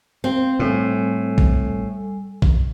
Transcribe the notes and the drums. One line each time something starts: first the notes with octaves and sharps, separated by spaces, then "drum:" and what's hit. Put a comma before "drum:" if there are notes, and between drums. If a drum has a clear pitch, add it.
C4 F5
A2 G3 A4 G#5
drum: kick
drum: kick